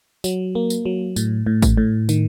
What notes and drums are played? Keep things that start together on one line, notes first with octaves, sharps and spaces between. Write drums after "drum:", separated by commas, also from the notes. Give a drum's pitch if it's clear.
F#3, drum: tambourine
A#3
drum: tambourine
F#3
A2, drum: tambourine
A2
drum: kick A1, tambourine
A2
D#3, drum: tambourine